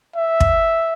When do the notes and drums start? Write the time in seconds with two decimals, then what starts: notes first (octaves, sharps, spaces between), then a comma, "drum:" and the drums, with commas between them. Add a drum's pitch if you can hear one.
0.16 E5
0.40 drum: kick